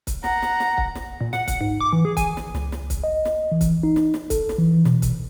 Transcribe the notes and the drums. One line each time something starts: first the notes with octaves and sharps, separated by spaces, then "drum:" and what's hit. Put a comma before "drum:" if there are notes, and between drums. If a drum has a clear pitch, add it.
drum: kick, hi-hat
F#5 A#5, drum: snare
drum: snare
drum: snare
drum: kick
drum: snare
A#2
F#5, drum: snare
F#5, drum: kick, hi-hat
G#2
D6
E3
G#4
G#5, drum: kick, hi-hat
drum: snare
C#2, drum: snare
drum: snare
drum: kick, hi-hat
D#5
drum: snare
E3
drum: kick, hi-hat
D#4
drum: snare
drum: snare
A4, drum: kick, hi-hat
drum: snare
E3
B2, drum: snare
drum: kick, hi-hat